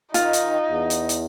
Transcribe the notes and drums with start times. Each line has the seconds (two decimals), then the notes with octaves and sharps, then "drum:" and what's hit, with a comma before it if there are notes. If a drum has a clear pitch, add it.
0.14 D#3 D#4 F4, drum: hi-hat
0.33 drum: hi-hat
0.68 E2
0.90 drum: hi-hat
1.09 drum: hi-hat